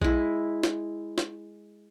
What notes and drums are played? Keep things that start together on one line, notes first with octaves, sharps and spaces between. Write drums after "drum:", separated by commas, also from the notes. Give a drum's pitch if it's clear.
G#3 E4, drum: kick A#1
drum: snare
drum: snare